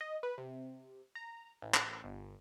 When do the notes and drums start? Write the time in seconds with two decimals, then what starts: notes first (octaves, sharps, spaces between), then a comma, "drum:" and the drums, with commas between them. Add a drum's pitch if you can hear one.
0.01 D#5
0.23 B4
0.38 C3
1.15 A#5
1.62 A1
1.74 drum: clap
2.04 G1